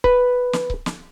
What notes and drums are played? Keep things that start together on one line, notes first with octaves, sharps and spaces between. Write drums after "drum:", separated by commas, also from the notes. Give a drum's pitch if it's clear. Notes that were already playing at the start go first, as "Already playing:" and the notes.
B4, drum: kick C#1
drum: snare
drum: kick C#1
drum: snare